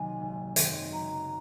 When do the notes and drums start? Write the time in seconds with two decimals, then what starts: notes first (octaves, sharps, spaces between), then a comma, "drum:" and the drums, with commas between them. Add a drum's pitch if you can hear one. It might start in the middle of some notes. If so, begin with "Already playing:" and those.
Already playing: C2 C3 D#3 F#3 A#3 G#5
0.20 G#1
0.56 F#2 D#3 G#3 C4, drum: hi-hat
0.92 F#1 A#5